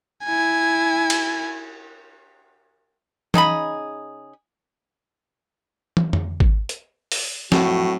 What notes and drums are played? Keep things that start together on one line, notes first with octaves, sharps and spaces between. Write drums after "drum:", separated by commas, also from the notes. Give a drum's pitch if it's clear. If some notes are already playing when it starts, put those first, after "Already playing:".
E4 G#5
drum: cymbal
C#3 D#4 G#4 B5, drum: tom
drum: tom
drum: tom F2
drum: kick G#1
drum: hi-hat
drum: open hi-hat
F2 A2 F#3 C4 F#4, drum: snare